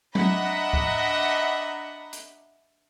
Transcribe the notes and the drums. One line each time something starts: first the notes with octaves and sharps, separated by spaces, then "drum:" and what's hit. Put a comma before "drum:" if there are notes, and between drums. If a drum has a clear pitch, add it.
D4 D#5 E5 F#5 A#5 B5, drum: tom F#3
drum: kick C#2
drum: hi-hat